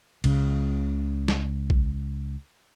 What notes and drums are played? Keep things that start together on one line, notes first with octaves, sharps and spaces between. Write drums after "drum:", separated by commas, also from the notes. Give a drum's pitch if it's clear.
C#2 C#3, drum: cymbal
drum: snare
drum: kick A#1